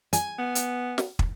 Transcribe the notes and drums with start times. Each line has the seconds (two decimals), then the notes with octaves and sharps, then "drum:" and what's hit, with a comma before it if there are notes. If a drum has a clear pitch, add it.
0.13 G#5, drum: hi-hat
0.39 B3
0.55 drum: hi-hat
0.98 drum: snare
1.19 drum: kick